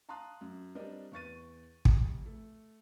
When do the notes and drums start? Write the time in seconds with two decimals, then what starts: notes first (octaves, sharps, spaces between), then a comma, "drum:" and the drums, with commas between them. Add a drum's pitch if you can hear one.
0.09 F5 A5 A#5 C6 D#6 F#6
0.41 F#2
0.75 G3 C4 D4 A#4 D#5
1.12 E2 C#6 A6 D#7
1.85 F1, drum: kick
2.26 A3